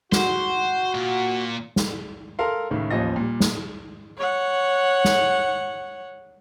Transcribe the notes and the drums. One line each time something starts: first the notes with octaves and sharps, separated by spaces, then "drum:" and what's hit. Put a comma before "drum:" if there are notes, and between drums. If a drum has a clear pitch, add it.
F#4 C5, drum: snare
A#2 A#3
drum: snare
A4 A#4 F5 C6
C#2 A2 D#3
A1 D#2 F3 D#5 A#6
A#2 G3
drum: snare
C#5 F#5
drum: snare